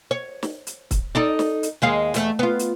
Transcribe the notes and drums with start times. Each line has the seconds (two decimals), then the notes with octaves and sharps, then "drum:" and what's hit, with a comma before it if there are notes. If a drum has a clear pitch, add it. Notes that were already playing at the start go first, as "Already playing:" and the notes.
0.11 C#5
0.43 drum: snare
0.67 drum: hi-hat
0.91 drum: kick, hi-hat
1.15 D#4 A4 D5
1.39 drum: snare
1.63 drum: hi-hat
1.82 D#2 G#3 F5
2.14 E2 A3, drum: hi-hat
2.39 B3 F4
2.59 drum: hi-hat